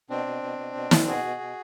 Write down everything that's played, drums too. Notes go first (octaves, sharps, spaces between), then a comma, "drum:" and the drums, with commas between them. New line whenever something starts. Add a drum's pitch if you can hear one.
B2 C4 D4
B2
B2
B2
B2
B2, drum: snare
B2 F#4 G#4
B2
B2